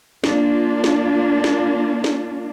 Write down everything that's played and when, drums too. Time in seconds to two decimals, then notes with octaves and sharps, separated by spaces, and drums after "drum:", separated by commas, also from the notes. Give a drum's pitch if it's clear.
0.24 A#3 D4 F4, drum: snare
0.84 drum: snare
1.44 drum: snare
2.04 drum: snare